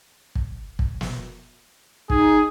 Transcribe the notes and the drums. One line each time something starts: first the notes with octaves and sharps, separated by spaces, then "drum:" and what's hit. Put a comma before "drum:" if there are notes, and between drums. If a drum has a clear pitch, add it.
drum: kick
drum: kick
drum: snare
D#4 G#4, drum: kick